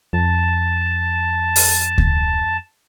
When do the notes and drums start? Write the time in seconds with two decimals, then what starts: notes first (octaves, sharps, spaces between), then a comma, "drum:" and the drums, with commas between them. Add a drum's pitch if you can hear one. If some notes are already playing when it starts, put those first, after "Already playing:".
0.13 F2 A5
1.56 drum: open hi-hat
1.98 drum: kick D2